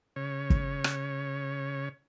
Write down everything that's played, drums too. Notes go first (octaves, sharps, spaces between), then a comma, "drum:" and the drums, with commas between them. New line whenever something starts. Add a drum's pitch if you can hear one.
C#3 C#5
drum: kick
drum: rim click